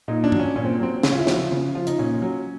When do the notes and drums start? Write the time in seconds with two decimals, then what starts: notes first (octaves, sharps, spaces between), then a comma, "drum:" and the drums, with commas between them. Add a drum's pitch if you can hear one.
0.08 A#2 D#4
0.24 D4
0.32 F#3, drum: tom G2
0.39 C#4
0.56 A#2 C#4
0.65 C4
0.80 F#3 C4
1.03 C#3 C#4, drum: snare
1.12 F4
1.20 E4
1.27 F3 F#4, drum: snare
1.35 F4
1.51 C#3
1.75 F3 F4
1.87 D#4, drum: hi-hat
1.99 A#2 C#4
2.22 F#3